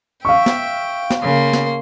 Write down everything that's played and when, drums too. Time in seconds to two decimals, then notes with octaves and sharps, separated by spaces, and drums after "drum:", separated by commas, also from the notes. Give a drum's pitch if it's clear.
0.25 E5 F5 G5 C#6
0.46 drum: snare
1.10 drum: snare
1.22 C#3 A#3 C6
1.53 drum: snare